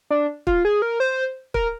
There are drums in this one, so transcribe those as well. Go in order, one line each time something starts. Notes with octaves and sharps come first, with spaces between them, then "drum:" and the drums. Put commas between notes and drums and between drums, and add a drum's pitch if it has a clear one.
D4
F4, drum: kick
G#4
A#4
C5
A#4, drum: kick